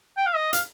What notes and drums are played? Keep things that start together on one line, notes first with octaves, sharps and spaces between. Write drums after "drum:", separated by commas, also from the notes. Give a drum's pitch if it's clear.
G5
F5
D#5
F5, drum: hi-hat